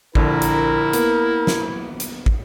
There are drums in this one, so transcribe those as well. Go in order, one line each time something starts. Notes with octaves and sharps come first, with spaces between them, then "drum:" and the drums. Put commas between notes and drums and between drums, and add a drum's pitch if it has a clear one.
A#1 D3 E4 A#4, drum: kick
drum: hi-hat
A#3 B3, drum: hi-hat
drum: snare
drum: hi-hat
drum: kick